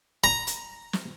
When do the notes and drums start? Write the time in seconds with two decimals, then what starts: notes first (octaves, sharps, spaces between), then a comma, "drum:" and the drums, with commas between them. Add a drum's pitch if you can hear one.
0.24 A#5
0.47 drum: hi-hat
0.93 drum: snare